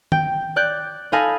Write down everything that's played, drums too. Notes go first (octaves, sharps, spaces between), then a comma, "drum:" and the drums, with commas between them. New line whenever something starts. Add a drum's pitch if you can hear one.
G5, drum: tom D#3
D5 F#6 G6
D#4 A4 D#5 F5 G#5 B5